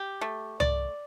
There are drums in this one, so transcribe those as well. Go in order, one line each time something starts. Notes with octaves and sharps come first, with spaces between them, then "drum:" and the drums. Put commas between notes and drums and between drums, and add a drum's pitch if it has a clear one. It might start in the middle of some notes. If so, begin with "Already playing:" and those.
Already playing: G4
A3
D5, drum: tom C2